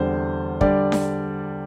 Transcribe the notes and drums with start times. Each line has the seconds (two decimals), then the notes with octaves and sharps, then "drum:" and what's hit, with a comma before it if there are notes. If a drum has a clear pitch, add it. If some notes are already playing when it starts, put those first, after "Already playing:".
Already playing: E2 D3 G3 C4 C5
0.61 D3 G3 D5, drum: kick
0.92 drum: snare D4